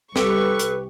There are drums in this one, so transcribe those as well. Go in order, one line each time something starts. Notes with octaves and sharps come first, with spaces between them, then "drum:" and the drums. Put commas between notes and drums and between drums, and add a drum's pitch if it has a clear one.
C2 G4 A4 B4 C#6, drum: snare
drum: hi-hat